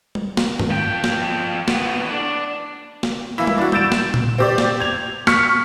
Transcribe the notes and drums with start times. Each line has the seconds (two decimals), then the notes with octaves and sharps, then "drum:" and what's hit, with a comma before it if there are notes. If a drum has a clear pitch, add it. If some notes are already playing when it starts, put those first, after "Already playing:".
0.15 drum: tom G3
0.37 drum: snare
0.59 drum: tom G2
0.70 F3 G5
1.04 drum: snare
1.68 A2 B3, drum: snare
2.11 D4
3.03 drum: snare
3.38 E3 A#3 E4
3.47 drum: tom G3
3.58 D4 F#4
3.72 E6 G6 A6 D7 E7, drum: tom G3
3.92 drum: snare
4.14 drum: tom A#2
4.38 C4 G4 D5
4.58 drum: snare
4.80 G#6 F7
5.27 C#6 F6 B6 C#7, drum: snare